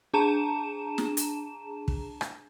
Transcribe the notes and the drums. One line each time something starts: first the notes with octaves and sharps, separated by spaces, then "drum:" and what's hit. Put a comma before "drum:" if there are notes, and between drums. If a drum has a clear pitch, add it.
D4 G#4 A5 A#5 E7
drum: snare
drum: hi-hat
drum: kick
drum: rim click